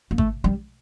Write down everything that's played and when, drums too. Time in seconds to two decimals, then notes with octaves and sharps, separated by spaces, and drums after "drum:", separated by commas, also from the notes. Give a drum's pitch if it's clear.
0.11 A#3
0.18 A3, drum: kick G#1
0.44 G3